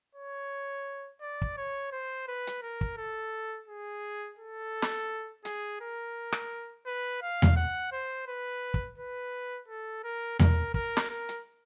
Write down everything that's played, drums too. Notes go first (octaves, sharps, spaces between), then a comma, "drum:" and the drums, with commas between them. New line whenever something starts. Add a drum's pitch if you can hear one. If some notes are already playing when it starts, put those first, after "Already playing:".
C#5
D5
drum: kick
C#5
C5
B4
drum: hi-hat
A#4
drum: kick
A4
G#4
A4
drum: snare
G#4, drum: hi-hat
A#4
drum: rim click
B4
F5
drum: tom E2
F#5
C5
B4
drum: kick
B4
A4
A#4
A#4, drum: tom E2
A#4, drum: kick
drum: snare
A#4
drum: hi-hat